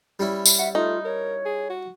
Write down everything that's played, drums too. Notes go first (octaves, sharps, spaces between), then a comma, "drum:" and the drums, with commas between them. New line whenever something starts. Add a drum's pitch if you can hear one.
G3 C#4 E4
drum: tambourine
E5 F#5
A3 D#4 F4
A#4 C#5
G#4
F#4